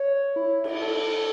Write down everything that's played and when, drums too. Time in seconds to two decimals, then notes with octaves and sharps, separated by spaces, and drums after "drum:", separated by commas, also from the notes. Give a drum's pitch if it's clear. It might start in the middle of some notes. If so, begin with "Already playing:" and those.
Already playing: C#5
0.36 E4
0.64 drum: cymbal
0.82 A4